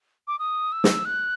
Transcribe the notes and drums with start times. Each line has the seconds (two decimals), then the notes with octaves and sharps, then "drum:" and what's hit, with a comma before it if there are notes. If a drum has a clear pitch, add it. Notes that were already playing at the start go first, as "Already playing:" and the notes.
0.27 D6
0.39 D#6
0.72 E6
0.84 drum: snare
1.05 F#6